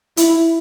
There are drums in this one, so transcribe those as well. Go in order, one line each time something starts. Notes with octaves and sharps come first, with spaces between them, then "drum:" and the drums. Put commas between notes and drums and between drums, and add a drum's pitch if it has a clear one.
E4, drum: hi-hat